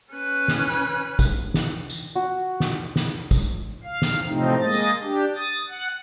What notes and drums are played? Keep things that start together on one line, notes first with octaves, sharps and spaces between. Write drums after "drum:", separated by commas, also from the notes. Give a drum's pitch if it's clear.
C#4 B4
drum: snare
drum: kick, tambourine
drum: snare
drum: tambourine
F#4
drum: snare
drum: snare
drum: kick, tambourine
F5
drum: snare
A2 C3 F3 A3 C4 D#4
G#3 A#3 D#5 A6
drum: tambourine
D4 G4
D#6 A6
F#5